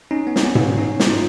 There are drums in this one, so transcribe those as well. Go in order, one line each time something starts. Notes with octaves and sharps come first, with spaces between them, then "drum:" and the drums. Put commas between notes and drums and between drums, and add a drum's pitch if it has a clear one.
C#4 D#4
B3
C4, drum: snare
B3 C#4
drum: tom G#2
C#4 D#4
drum: snare
D#4 F4